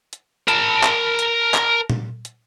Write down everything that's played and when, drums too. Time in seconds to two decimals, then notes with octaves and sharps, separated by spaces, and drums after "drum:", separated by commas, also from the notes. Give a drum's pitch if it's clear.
0.13 drum: hi-hat
0.48 A#4 A5, drum: hi-hat
0.83 drum: clap
1.19 drum: hi-hat
1.54 drum: clap
1.90 drum: tom A#2
2.25 drum: hi-hat